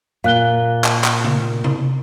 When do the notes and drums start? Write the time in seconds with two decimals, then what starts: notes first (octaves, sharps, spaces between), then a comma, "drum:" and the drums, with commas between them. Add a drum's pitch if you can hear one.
0.24 A#2 F5 F#6 G7
0.84 drum: clap
1.04 drum: clap
1.24 drum: tom
1.64 drum: tom C3